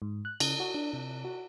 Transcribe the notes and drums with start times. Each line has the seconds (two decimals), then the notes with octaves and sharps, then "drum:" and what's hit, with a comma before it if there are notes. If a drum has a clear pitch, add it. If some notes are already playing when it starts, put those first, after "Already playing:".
0.02 G#2
0.25 F#6
0.40 C#3, drum: cymbal
0.60 F#4
0.74 D4
0.93 C3
1.25 F#4